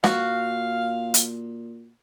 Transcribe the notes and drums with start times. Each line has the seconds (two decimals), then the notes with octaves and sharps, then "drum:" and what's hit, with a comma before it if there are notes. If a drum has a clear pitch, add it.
0.04 A#2 F#4 F5, drum: snare
1.14 drum: hi-hat